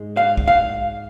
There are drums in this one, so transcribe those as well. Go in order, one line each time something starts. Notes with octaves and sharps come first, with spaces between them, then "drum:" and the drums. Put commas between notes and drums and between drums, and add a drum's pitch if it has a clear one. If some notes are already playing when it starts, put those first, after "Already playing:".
Already playing: G#2 G#3
F5
drum: kick
F5